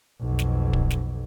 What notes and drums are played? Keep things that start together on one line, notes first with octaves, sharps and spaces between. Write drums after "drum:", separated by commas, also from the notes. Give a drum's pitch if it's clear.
B1 F2
drum: snare
drum: kick
drum: snare